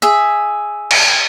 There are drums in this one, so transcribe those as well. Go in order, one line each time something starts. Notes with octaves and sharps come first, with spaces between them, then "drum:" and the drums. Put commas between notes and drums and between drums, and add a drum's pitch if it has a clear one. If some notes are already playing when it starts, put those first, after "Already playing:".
G#4 E5
drum: cymbal